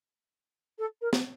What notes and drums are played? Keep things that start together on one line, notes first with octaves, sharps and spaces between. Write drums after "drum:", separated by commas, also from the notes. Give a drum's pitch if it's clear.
A4
A#4
drum: snare